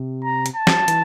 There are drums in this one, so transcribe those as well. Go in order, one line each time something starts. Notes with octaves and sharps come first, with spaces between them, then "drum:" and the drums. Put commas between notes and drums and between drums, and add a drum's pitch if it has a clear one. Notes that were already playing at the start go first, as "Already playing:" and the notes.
Already playing: C3
A#5
drum: hi-hat
A5
drum: snare
E3, drum: hi-hat